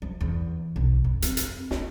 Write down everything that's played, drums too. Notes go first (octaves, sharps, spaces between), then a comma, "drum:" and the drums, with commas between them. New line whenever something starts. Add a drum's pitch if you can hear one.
F3
E2
B1
F2
C4, drum: hi-hat
drum: hi-hat
E4, drum: snare